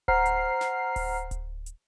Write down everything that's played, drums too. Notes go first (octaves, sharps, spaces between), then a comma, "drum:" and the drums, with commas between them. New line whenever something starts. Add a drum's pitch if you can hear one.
C5 F#5 A#5 F6 C7, drum: kick D1
drum: hi-hat
drum: snare
drum: kick D1, open hi-hat
drum: kick D1, hi-hat
drum: hi-hat